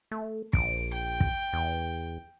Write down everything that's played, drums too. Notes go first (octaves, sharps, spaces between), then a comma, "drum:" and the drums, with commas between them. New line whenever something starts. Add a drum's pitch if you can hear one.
A3
A#1 D7, drum: kick
G5
drum: kick
E2